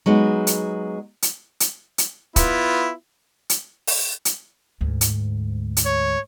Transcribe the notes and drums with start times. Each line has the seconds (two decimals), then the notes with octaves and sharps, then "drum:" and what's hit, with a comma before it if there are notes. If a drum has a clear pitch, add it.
0.06 F#3 G#3 B3 D#4
0.47 drum: hi-hat
1.22 drum: hi-hat
1.60 drum: hi-hat
1.98 drum: hi-hat
2.36 B3 E4 F4, drum: kick, hi-hat
3.50 drum: hi-hat
3.87 drum: open hi-hat
4.25 drum: hi-hat
4.81 D2 G#2
5.01 drum: hi-hat
5.77 drum: hi-hat
5.86 C#5